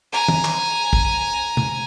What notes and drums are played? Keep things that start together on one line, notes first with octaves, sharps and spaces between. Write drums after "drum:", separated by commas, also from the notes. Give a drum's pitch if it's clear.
G#5 A#5
drum: tom
drum: clap
drum: kick
drum: tom